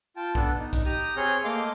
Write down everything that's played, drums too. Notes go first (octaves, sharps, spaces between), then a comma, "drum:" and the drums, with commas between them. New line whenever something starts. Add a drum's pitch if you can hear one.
F4 G5 A5
B3 D4 A4, drum: kick B1
D#4
drum: kick B1, hi-hat
G4 A#5 D#6
C4 G#4 C#5 F6 G6
A3 A#3 D#5 F5 C6 D6